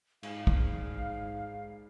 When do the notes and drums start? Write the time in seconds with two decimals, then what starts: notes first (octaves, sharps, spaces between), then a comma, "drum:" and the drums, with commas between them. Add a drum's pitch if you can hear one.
0.23 G#2 F5, drum: cymbal
0.47 drum: kick